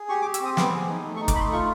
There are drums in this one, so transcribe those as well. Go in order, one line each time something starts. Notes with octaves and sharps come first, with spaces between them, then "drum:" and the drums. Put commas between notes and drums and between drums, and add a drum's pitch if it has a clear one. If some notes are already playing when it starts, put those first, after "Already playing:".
Already playing: G#4
G4 C#6
D6
G4
E6, drum: hi-hat
C4 D#6
B3 D6, drum: snare
G#4
D#4
A3
C#6
D#4
D6, drum: kick, hi-hat
A3 B5 C6
F4 C#6